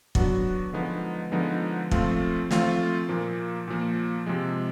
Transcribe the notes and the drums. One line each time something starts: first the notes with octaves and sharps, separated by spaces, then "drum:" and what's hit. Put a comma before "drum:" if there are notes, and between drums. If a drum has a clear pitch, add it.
F#3 B3 D4 F#4, drum: kick
D3 F3 G#3 B3 D#4
D3 F3 G#3 B3 D#4
F3 A3 C4 F4, drum: kick
F3 A3 C4 F4, drum: snare
A#2 F3 A#3
A#2 F3 A#3
C3 F3 G#3